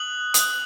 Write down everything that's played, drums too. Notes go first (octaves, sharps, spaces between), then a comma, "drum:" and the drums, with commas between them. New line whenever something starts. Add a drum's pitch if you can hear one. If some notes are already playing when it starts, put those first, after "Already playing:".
Already playing: D#6 F#6 F#7
D#6 F#6, drum: hi-hat